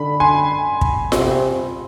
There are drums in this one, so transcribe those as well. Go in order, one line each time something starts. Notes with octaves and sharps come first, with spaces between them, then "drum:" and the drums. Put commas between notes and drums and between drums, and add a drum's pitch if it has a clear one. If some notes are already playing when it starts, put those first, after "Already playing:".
Already playing: D3 B5
G#5 C6
drum: kick
C3, drum: snare F4